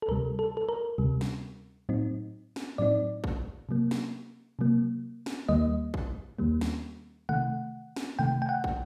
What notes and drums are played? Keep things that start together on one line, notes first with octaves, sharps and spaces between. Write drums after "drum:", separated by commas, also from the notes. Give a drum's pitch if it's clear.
A4
D2 C3 G3 A#4
A4
A4
A#4
D2 C3 G3
drum: snare
A2 F#3 C4 D#4
drum: snare
A2 F#3 C4 D#4 D5
drum: kick
C3 F#3 A#3
drum: snare
C3 F#3 A#3
drum: snare
D#2 D#3 G3 A#3 D#5
drum: kick
D#2 D#3 G3 A#3
drum: snare
C3 D#3 A3 F#5
drum: snare
C3 D#3 A3 G5
G5
F#5
drum: kick